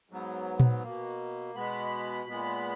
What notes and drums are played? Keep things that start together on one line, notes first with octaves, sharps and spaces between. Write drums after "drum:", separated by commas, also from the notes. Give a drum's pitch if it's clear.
G#2 F#3 B3
drum: tom A#2
B2 A#3
B2 G#3 B3 B5
A#2 G#3 B3